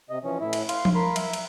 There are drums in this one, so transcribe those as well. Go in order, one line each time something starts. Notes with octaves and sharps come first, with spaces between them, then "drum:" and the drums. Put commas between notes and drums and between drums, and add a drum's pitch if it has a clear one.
C3 D#5
E3 F3 C#4
A2 E4
drum: cymbal
F5 C6, drum: cymbal
drum: tom F3
A#4 B5 C6
E5, drum: cymbal
drum: cymbal